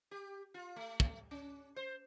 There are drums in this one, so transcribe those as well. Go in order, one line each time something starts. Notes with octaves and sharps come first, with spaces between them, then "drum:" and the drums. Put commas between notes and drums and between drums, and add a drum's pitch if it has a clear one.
G4
F4
A3
drum: kick
C#4
C5